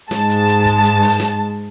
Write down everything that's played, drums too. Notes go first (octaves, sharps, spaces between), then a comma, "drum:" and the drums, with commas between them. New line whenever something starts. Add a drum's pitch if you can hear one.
G#2 G#3 A5, drum: snare
drum: hi-hat
drum: hi-hat
drum: kick, hi-hat
drum: hi-hat
drum: open hi-hat
drum: snare